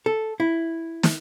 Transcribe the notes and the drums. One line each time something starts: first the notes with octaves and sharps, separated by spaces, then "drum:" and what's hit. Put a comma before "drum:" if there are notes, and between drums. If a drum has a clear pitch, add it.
A4
E4
drum: snare